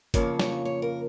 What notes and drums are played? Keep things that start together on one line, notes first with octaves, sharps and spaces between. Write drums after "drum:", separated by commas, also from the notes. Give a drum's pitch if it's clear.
F2 C#3 F3 A#3 C#5, drum: kick G1, hi-hat
C#5, drum: snare
C#5
A#4